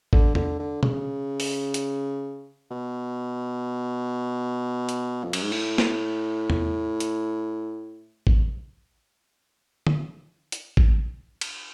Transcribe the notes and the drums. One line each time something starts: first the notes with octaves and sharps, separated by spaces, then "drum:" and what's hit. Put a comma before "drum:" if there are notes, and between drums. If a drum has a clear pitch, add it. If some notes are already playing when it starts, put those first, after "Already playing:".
D3, drum: kick
D3, drum: tom
D3
C#3, drum: tom
drum: open hi-hat
drum: hi-hat
B2
drum: hi-hat
F2
F#2, drum: cymbal
G#2
A2, drum: cymbal
drum: snare
drum: tom
drum: hi-hat
drum: kick
drum: tom
drum: hi-hat
drum: kick
drum: cymbal